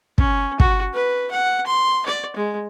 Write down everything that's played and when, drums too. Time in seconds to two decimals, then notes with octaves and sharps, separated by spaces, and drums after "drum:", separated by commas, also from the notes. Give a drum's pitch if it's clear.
0.18 C#4, drum: kick
0.60 F#4, drum: kick
0.93 B4
1.31 F#5
1.66 C6
2.06 D5
2.36 G#3